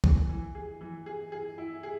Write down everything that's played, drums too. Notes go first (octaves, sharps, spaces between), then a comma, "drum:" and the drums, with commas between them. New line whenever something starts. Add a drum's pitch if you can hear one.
E3, drum: kick A#1
E3
G#4
E3
G#4
G#4
E4
G#4